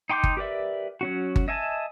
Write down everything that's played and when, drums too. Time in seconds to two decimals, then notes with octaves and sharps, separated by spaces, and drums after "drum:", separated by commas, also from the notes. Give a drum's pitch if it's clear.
0.10 D#4 G5 C6 D6 G6
0.24 drum: kick G1
0.37 G4 A#4 B4 D5 E5
1.01 F#3 C#4 F#4
1.36 drum: kick G1
1.48 D#5 E5 G#5 A5